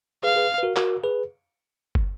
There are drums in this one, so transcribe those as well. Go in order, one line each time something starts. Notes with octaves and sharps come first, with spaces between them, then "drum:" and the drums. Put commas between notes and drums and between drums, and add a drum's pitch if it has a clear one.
G#4 B4 F5
G#4 B4
B4
F#4 A#4
F#4 A#4, drum: clap
G#4 B4
drum: kick